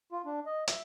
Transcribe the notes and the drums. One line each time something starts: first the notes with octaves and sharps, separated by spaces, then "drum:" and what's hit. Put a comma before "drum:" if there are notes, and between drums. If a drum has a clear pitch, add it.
F4
D4
D#5
E5, drum: hi-hat